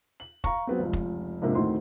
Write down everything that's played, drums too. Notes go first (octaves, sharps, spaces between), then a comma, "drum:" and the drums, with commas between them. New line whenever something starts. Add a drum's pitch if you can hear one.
F#7
F5 A#5 C#6, drum: kick F1
F#3 B3 C4
F1 C#2
drum: kick F1
F2 G#2 C3 A#3 D4 D#4
D2 A2 D#3 C4 C6